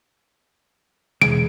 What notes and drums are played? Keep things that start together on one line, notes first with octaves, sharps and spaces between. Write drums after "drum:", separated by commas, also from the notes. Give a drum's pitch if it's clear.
E2 G#3 D7, drum: tom B2